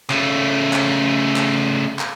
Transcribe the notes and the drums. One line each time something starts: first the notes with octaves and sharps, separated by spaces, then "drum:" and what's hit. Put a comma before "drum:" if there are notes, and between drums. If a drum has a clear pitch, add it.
C#3 A3, drum: clap
drum: clap
drum: clap
drum: clap